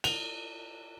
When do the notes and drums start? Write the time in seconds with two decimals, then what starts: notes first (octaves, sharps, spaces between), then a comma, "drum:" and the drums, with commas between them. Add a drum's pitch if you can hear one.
0.04 F7, drum: cymbal